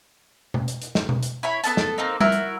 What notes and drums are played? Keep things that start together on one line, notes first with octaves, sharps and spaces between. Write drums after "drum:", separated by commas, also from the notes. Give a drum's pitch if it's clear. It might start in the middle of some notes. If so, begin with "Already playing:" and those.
drum: tom B2
drum: hi-hat
drum: hi-hat
drum: snare
drum: tom B2
drum: hi-hat
E4 C#5 B5
B3 A4 A5, drum: hi-hat
drum: snare
A#3 C4 D#4
E4 F#4 A#4 E6, drum: tom G3
drum: hi-hat